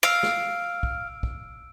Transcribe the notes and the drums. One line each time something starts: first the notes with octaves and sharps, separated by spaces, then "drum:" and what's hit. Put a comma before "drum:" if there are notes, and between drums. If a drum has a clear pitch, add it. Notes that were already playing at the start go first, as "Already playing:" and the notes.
F5 E6 D7
drum: snare
drum: kick
drum: kick